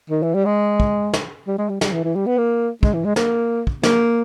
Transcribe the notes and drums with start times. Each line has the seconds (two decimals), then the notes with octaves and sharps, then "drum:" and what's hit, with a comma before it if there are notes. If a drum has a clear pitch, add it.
0.10 D#3
0.23 E3
0.35 G3
0.45 G#3
0.80 drum: kick
1.13 drum: snare
1.48 G3
1.58 G#3
1.69 G3
1.81 G3, drum: snare
1.92 E3
2.04 E3
2.15 G3
2.26 B3
2.38 A#3
2.83 G#3, drum: kick
2.94 E3
3.05 G#3
3.16 A#3, drum: snare
3.67 drum: kick
3.83 A#3, drum: snare